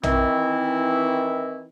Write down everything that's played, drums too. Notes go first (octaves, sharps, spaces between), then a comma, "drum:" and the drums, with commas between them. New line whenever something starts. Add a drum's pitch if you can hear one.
D#3 E3 C4 E4, drum: tom A#1